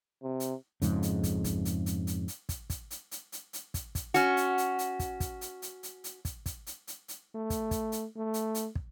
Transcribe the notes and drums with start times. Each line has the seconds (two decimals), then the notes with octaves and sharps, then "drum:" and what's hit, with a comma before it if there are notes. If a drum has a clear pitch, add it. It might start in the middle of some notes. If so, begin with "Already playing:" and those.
0.23 C3
0.40 drum: hi-hat
0.82 F2 G#2 C#3, drum: hi-hat
1.03 drum: hi-hat
1.23 drum: kick, hi-hat
1.44 drum: kick, hi-hat
1.65 drum: hi-hat
1.86 drum: hi-hat
2.07 drum: hi-hat
2.28 drum: hi-hat
2.49 drum: kick, hi-hat
2.70 drum: kick, hi-hat
2.91 drum: hi-hat
3.11 drum: hi-hat
3.32 drum: hi-hat
3.53 drum: hi-hat
3.74 drum: kick, hi-hat
3.95 drum: kick, hi-hat
4.14 C#4 F#4, drum: hi-hat
4.37 drum: hi-hat
4.58 drum: hi-hat
4.79 drum: hi-hat
4.99 drum: kick, hi-hat
5.20 drum: kick, hi-hat
5.41 drum: hi-hat
5.62 drum: hi-hat
5.83 drum: hi-hat
6.04 drum: hi-hat
6.25 drum: kick, hi-hat
6.46 drum: kick, hi-hat
6.67 drum: hi-hat
6.88 drum: hi-hat
7.08 drum: hi-hat
7.35 A3
7.50 drum: kick, hi-hat
7.71 drum: kick, hi-hat
7.92 drum: hi-hat
8.16 A3
8.34 drum: hi-hat
8.55 drum: hi-hat
8.76 drum: kick